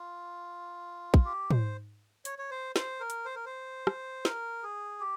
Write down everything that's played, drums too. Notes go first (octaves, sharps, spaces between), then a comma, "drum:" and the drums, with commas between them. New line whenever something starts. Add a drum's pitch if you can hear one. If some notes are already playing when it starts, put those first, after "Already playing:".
Already playing: F4
drum: kick
G4
C5, drum: tom
C#5, drum: hi-hat
C#5
C5
C5, drum: snare
A#4
drum: hi-hat
C5
A#4
C5
drum: rim click
A#4, drum: snare
G#4
G4